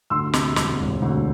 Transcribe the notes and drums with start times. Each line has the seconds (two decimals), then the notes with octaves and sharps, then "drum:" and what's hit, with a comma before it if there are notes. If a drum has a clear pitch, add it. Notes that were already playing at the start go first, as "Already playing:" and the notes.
0.10 D2 C6 E6
0.33 C3, drum: snare
0.56 E1, drum: snare
0.80 E1
1.02 D2